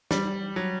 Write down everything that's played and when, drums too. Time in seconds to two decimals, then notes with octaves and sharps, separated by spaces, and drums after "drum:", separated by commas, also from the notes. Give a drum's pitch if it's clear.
0.11 G3, drum: snare
0.56 F#3